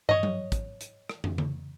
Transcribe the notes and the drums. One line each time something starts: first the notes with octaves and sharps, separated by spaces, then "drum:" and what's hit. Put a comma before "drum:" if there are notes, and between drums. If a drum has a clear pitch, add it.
C#5 D#5, drum: tom
drum: tom F#3
drum: kick, hi-hat
drum: hi-hat
drum: rim click
drum: tom
drum: tom C#3